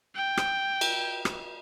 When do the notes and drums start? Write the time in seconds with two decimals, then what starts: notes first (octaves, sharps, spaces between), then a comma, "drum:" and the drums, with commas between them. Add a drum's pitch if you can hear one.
0.15 G5
0.37 drum: rim click
0.81 drum: cymbal
1.25 drum: rim click